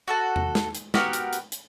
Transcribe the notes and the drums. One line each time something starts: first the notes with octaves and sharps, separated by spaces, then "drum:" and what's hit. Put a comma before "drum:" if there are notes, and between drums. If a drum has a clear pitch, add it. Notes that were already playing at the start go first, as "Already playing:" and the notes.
F#4 A4 A5
drum: tom E2
drum: snare
drum: hi-hat
B3 F#4 G4 A#4, drum: snare
drum: hi-hat
drum: hi-hat
drum: hi-hat